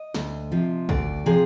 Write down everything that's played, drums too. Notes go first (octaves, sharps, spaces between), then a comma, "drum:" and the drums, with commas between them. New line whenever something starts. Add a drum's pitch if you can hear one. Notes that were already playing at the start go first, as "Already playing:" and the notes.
Already playing: D#5
D2, drum: snare
C3 F3
D2 D5, drum: kick
C3 F3 G#4